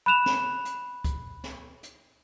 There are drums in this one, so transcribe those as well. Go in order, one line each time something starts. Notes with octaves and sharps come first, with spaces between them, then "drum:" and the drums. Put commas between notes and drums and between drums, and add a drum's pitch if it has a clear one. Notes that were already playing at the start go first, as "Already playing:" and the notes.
B5 F#6 E7 F7
drum: snare
drum: hi-hat
drum: kick C#2, hi-hat
drum: snare
drum: hi-hat